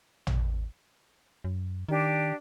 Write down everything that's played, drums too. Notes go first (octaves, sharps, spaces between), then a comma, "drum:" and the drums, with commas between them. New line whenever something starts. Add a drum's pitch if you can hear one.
drum: tom
F#2
D#3 D4 G4